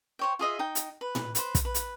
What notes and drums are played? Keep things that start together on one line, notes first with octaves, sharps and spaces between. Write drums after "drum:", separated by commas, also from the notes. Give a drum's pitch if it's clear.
C5 C#5 G5
F4 G#4 D#5 E5
D#4 G5
drum: hi-hat
B4
drum: tom A2
B4 C5, drum: hi-hat
drum: kick, hi-hat
B4
drum: hi-hat